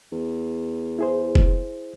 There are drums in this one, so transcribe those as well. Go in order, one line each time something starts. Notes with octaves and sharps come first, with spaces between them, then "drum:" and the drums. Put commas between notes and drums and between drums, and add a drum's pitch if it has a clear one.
E2
E4 G#4 C5
drum: kick